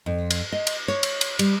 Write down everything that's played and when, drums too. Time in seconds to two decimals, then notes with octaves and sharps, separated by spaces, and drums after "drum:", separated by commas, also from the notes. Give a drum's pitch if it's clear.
0.06 F2
0.31 drum: cymbal
0.52 D#5
0.67 drum: cymbal
0.88 C#5
1.03 drum: cymbal
1.21 drum: cymbal
1.39 G3, drum: cymbal